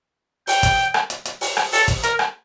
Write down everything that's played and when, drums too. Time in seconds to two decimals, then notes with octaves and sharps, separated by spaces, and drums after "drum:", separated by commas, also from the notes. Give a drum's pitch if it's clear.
0.47 G5, drum: open hi-hat
0.63 drum: kick, hi-hat
0.94 drum: rim click
1.10 drum: hi-hat
1.25 drum: hi-hat
1.41 drum: open hi-hat
1.57 drum: rim click
1.72 A4, drum: open hi-hat
1.88 drum: kick, hi-hat
2.03 A#4, drum: hi-hat
2.19 drum: rim click